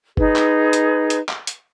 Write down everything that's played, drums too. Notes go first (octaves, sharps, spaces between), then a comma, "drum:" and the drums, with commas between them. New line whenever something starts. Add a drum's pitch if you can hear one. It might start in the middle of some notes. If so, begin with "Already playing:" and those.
D#4 G#4 B4, drum: kick F#1
drum: clap
drum: hi-hat
drum: hi-hat
drum: clap
drum: hi-hat